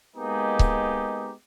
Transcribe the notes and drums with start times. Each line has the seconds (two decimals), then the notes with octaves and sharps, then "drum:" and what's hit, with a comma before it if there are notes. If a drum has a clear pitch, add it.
0.16 G#3 A#3 B3 D#4 G4 G#4
0.59 drum: kick C#1